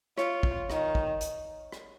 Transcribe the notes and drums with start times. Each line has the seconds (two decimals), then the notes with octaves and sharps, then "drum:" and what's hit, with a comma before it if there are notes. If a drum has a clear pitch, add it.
0.18 F4 C#5, drum: rim click
0.43 drum: kick
0.70 D#3, drum: rim click
0.95 drum: kick
1.21 drum: hi-hat
1.72 drum: rim click